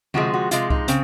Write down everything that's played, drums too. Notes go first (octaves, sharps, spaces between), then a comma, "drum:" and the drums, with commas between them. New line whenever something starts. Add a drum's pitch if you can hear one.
C3 F3 G#3 F#4, drum: tom D3
F#4
C3 F3 G#3 F4, drum: hi-hat
D#4, drum: kick C2
C#3 C4, drum: hi-hat